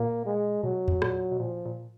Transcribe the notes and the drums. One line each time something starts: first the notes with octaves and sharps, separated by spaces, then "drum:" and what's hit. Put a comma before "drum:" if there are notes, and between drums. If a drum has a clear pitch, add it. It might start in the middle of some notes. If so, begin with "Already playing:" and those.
Already playing: A#2 A#3
G#3
B2 F#3
drum: tom E2
A#2, drum: rim click
B2
A#2 F3
A#2